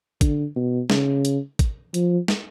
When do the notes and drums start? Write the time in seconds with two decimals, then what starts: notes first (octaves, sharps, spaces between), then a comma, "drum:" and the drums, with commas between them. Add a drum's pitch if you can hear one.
0.21 D3, drum: kick, hi-hat
0.56 B2
0.90 C#3, drum: snare
1.25 drum: hi-hat
1.59 drum: kick, hi-hat
1.94 F3, drum: hi-hat
2.28 drum: snare